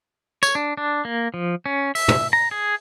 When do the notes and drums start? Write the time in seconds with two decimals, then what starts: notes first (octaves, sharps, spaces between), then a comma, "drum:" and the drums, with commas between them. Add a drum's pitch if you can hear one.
0.43 C#5, drum: tambourine
0.55 D4
0.77 D4
1.05 A#3
1.34 F3
1.66 C#4
1.95 E5, drum: open hi-hat
2.08 drum: tom
2.33 A#5
2.51 G#4